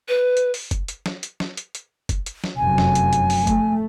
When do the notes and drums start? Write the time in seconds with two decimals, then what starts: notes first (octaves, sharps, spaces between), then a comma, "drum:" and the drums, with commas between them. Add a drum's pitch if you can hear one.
0.08 B4
0.37 drum: hi-hat
0.54 drum: open hi-hat
0.71 drum: kick, hi-hat
0.88 drum: hi-hat
1.06 drum: snare
1.23 drum: hi-hat
1.40 drum: snare
1.57 drum: hi-hat
1.75 drum: hi-hat
2.09 drum: kick, hi-hat
2.26 drum: hi-hat
2.44 drum: snare
2.57 F1 F#2 G#5
2.78 drum: snare
2.95 drum: hi-hat
3.13 drum: hi-hat
3.30 drum: open hi-hat
3.47 A3, drum: kick, hi-hat